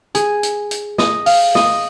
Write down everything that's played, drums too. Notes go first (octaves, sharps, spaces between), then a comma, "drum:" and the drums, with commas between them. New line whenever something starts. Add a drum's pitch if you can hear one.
G#4, drum: hi-hat
drum: hi-hat
drum: hi-hat
D#5, drum: snare
F5, drum: open hi-hat
D#5, drum: snare